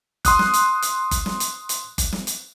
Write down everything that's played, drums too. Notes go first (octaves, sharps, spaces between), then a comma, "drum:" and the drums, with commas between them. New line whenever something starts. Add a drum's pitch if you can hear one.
C6 D#6 F#6, drum: kick F#1, hi-hat
drum: snare
drum: hi-hat
drum: hi-hat
drum: kick F#1, hi-hat
drum: snare
drum: hi-hat
drum: hi-hat
drum: kick F#1, hi-hat
drum: snare
drum: hi-hat